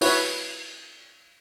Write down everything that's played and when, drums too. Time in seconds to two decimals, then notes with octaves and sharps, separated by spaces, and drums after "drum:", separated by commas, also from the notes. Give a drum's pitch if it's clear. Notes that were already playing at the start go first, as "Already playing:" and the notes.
0.01 E4 F#4 B4 C#5, drum: open hi-hat